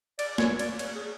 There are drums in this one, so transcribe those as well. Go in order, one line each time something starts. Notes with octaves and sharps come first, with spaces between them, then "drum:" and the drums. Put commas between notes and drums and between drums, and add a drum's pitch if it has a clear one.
D5, drum: cymbal
C#5, drum: snare
D5, drum: cymbal
C#5, drum: cymbal
G#4